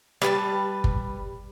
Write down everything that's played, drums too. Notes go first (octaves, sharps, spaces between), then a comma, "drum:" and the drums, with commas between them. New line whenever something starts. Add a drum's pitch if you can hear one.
G3 B4 G#5 A5, drum: rim click
drum: kick G1